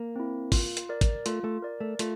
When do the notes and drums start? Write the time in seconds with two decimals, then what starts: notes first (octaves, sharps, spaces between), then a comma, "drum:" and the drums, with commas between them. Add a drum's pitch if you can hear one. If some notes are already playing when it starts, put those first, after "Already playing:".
Already playing: A#3
0.16 C4 E4
0.52 F4, drum: kick, open hi-hat
0.77 drum: hi-hat
0.89 A#4 D5
1.01 drum: kick, hi-hat
1.26 A3 F4, drum: hi-hat
1.44 A3
1.62 A#4 D5
1.80 A3
1.99 A3 F4, drum: hi-hat